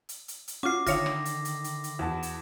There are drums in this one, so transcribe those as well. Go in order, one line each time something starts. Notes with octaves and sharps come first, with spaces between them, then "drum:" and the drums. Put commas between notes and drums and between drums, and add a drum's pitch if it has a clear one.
drum: hi-hat
drum: hi-hat
drum: hi-hat
C#4 F4 F#4 D6 C7
D3 D#3 F4 C#5 E5 F5 D#6 A#6, drum: kick, hi-hat
drum: rim click
drum: hi-hat
drum: hi-hat
drum: hi-hat
drum: hi-hat
E2 F#4 A5
drum: hi-hat